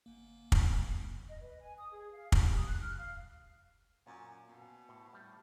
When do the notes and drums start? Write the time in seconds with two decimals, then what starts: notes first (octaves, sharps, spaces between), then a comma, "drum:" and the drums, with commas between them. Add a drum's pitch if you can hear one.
0.06 G1 A#3
0.52 drum: kick
1.28 D#5
1.41 B4
1.60 G#5
1.76 D#6
1.91 G#4
2.13 F5
2.32 G4, drum: kick
2.54 D#6
2.66 F#6
2.81 F6
2.96 F5
4.07 F#2 A#2
4.48 B2
4.89 A2
5.13 A2 G3